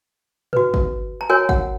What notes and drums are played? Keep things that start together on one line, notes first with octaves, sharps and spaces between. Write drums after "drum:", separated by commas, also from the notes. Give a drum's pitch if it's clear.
F#4 B4, drum: tom
drum: kick
A#5
F#4 A#4 C#5 G#5
F#5, drum: kick